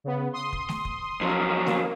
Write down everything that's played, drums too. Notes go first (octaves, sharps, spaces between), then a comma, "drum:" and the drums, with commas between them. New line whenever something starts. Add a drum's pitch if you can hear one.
C#3 B3
C6 D#6
drum: kick
drum: snare A3
drum: kick
F2 F#3
A#3, drum: snare A3